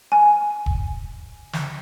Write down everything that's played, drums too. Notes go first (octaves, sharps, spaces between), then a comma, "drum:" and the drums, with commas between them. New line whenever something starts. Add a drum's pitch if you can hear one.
G#5
drum: kick
drum: snare